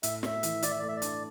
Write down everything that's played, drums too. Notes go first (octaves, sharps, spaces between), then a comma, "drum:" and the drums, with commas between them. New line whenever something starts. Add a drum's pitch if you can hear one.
A2 E5, drum: hi-hat
A2 E5, drum: snare
E3, drum: hi-hat
E3 D5, drum: hi-hat
E5
A3 D5
E5
D5
D4, drum: hi-hat